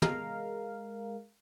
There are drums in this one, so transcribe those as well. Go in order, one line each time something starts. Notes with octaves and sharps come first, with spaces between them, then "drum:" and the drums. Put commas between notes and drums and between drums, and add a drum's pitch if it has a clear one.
G#3 A#4 F5, drum: tom